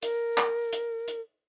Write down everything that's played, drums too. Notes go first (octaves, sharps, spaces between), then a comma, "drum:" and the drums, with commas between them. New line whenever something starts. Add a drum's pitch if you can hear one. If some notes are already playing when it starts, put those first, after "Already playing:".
A#4, drum: hi-hat
drum: clap
drum: hi-hat
drum: hi-hat